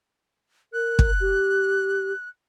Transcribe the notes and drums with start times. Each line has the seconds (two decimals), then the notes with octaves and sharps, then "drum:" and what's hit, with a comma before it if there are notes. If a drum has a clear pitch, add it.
0.73 A#4 F#6
0.99 drum: kick
1.21 G4